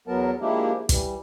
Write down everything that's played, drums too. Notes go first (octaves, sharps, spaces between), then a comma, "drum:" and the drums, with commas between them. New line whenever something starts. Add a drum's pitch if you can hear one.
E2 F#3 B3 A#4 A5
F3 G#3 A#3 D4 E4 G4
E3 G3, drum: kick, hi-hat